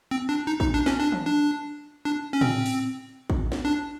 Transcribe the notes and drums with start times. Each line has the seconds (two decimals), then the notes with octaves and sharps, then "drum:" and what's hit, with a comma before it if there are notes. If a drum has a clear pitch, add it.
0.11 C4
0.29 D4
0.47 D#4
0.60 D#4, drum: kick
0.74 D4
0.86 C#4, drum: snare
1.00 D4
1.12 drum: tom D#3
1.26 D4
2.05 D4
2.33 C#4
2.41 C4, drum: tom A2
2.66 drum: open hi-hat
3.30 drum: kick
3.52 drum: snare
3.65 D4